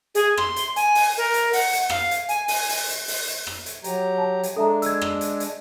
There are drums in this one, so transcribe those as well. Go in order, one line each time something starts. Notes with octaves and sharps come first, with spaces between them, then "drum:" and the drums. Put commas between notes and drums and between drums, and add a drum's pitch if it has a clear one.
G#4, drum: hi-hat
C6, drum: rim click
drum: hi-hat
G#5, drum: hi-hat
drum: open hi-hat
A#4
drum: hi-hat
F#5, drum: open hi-hat
drum: hi-hat
F5, drum: rim click
drum: hi-hat
G#5, drum: hi-hat
G#5, drum: open hi-hat
drum: open hi-hat
drum: hi-hat
drum: open hi-hat
drum: hi-hat
drum: rim click
drum: hi-hat
F#3 G4 A#5, drum: hi-hat
A5
drum: hi-hat
G#3 D4 A4 E5 A#5
E6 G#6, drum: hi-hat
drum: rim click
drum: hi-hat
drum: hi-hat